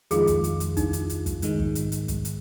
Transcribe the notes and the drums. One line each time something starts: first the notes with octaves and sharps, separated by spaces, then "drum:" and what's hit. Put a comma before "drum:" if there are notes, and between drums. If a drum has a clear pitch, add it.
F2 D#3 G#3 F4 G#4, drum: hi-hat
drum: kick, hi-hat
drum: hi-hat
drum: hi-hat
D#4, drum: kick, hi-hat
drum: hi-hat
drum: hi-hat
drum: kick, hi-hat
G#2 D#3 G#3, drum: hi-hat
drum: kick
drum: hi-hat
drum: hi-hat
drum: kick, hi-hat
drum: hi-hat